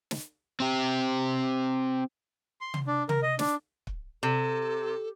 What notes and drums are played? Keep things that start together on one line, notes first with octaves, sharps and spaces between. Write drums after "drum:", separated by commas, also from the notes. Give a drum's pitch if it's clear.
drum: snare
C4 G4
C6
drum: tom
D4
A#4, drum: tom
D#5
D4, drum: snare
drum: kick
C3 A4